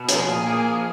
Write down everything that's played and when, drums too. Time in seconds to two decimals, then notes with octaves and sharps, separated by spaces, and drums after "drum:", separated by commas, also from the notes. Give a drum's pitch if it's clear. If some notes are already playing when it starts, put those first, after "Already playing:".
Already playing: B2
0.09 F3 G#4, drum: hi-hat
0.27 A#2
0.46 A#3
0.65 F3